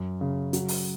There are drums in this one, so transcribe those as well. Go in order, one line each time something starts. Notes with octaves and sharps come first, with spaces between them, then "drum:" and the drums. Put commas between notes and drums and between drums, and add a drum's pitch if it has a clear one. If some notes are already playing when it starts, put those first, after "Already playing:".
Already playing: F#2
C#3
F#3, drum: hi-hat
drum: open hi-hat